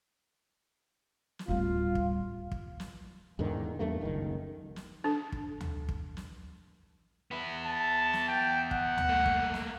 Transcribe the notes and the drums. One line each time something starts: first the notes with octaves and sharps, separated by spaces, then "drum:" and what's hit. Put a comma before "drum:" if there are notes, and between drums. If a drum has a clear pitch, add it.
drum: snare
D1 G3 F4
drum: kick
drum: kick
drum: snare
E2 G#2 D3 D#3
E2 G2 A3 A#3
F#1 C#2 D#3
drum: snare
D4 A4
drum: kick
drum: tom D2
drum: kick
drum: snare
B3 E4
A5
drum: snare
G5
F#5, drum: kick
drum: tom D2
A3 A#3
drum: kick
drum: snare